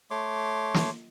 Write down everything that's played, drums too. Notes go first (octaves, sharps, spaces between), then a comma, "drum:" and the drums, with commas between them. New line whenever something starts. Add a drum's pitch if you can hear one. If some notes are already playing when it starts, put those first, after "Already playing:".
A3 C#5 C6 D6
drum: snare